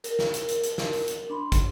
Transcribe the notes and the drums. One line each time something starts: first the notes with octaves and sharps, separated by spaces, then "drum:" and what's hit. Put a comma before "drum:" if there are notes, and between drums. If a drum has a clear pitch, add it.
A#4, drum: hi-hat
drum: snare
drum: hi-hat
drum: hi-hat
drum: hi-hat
drum: snare
drum: open hi-hat
drum: hi-hat
D4 B5 C6
drum: kick, hi-hat